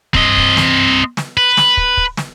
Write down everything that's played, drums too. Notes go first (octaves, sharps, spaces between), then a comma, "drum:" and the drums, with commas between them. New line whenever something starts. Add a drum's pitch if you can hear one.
C4 D#5, drum: kick
drum: kick
drum: snare
drum: snare
B4
drum: snare
drum: kick
drum: kick
drum: snare